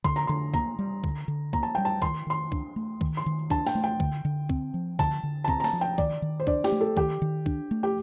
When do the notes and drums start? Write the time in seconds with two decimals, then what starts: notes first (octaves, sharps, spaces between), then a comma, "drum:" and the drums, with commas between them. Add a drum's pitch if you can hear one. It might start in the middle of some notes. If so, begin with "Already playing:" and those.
0.04 D3 C6, drum: kick
0.16 A#5
0.27 D3 C6
0.54 A#3 A#5, drum: kick
0.79 G3
1.04 D3, drum: kick
1.28 D3
1.53 A#3 A#5, drum: kick
1.63 A5
1.75 G3 G5
1.85 A5
2.02 D#3 C6, drum: kick
2.27 D#3 C6
2.52 D4, drum: kick
2.76 A3
3.01 D#3, drum: kick
3.17 C6
3.26 D#3
3.50 D4 A5, drum: kick
3.66 G5, drum: snare
3.75 A3
3.84 G5
4.00 D3, drum: kick
4.25 D3
4.49 C4, drum: kick
4.74 F3
4.99 D3 A5, drum: kick
5.23 D3
5.44 A5
5.48 C4 A#5, drum: kick
5.60 A#5
5.64 A5, drum: snare
5.73 F3
5.81 G5
5.98 D#3 D5, drum: kick
6.22 D#3
6.40 C5
6.47 D4 D5, drum: kick
6.64 G4, drum: snare
6.72 A3
6.81 A4
6.97 D#3 G4, drum: kick
7.22 D#3
7.46 D4, drum: kick
7.71 A3
7.83 G4